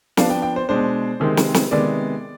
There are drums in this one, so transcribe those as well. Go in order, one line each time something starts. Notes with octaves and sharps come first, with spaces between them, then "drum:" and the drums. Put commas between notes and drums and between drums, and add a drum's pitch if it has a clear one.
F3 B3 D4 F5, drum: snare
G5
G5
C5
B2 G#3 D4 C5
C3 D#3 G#3 C4
drum: snare
drum: snare
C3 D#3 G#3 B3 D5